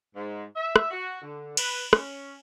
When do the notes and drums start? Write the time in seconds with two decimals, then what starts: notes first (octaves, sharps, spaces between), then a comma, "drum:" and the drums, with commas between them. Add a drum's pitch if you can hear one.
0.16 G#2
0.56 E5
0.76 drum: rim click
0.90 F#4
1.22 D3
1.57 B4, drum: cymbal
1.93 C#4, drum: rim click